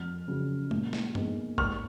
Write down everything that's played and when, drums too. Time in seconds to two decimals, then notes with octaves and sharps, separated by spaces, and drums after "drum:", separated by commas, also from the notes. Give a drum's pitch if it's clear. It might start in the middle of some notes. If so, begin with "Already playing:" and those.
Already playing: F2 F6
0.28 C#3 F#3 C#4
0.71 A#2, drum: tom G#3
0.93 drum: snare
1.15 G#3 B3 D#4, drum: tom G2
1.58 G#2 C#6 F6, drum: kick G1